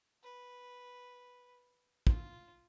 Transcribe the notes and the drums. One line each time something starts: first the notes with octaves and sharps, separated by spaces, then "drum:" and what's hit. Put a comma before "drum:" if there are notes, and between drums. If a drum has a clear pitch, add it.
B4
F4, drum: kick